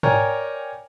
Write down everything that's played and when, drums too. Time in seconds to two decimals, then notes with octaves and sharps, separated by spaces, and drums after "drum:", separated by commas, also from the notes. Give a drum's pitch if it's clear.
0.03 A#4 C#5 D5 G5 G#5 A#5, drum: tom G#2